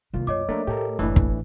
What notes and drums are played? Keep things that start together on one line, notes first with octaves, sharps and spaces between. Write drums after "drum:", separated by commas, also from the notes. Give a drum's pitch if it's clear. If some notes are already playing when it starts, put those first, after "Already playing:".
C2 C3 D#3 A#3 F4
F#2 C#5 D#5 D6
F3 A3 A#3 D4 A#4
A2 G4 A4 A#4
F#1 A2 E3 A3 D4 E4
drum: kick